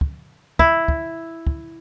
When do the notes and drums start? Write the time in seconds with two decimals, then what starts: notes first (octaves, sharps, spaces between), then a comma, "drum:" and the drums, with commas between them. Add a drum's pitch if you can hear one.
0.01 drum: kick
0.59 E4, drum: kick
0.88 drum: kick
1.47 drum: kick